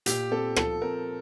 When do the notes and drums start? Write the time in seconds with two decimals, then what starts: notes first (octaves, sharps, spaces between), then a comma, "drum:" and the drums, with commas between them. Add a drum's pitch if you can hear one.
0.06 A#2 G4, drum: hi-hat
0.31 C4 A4
0.56 F3 A4, drum: rim click
0.82 C4 A#4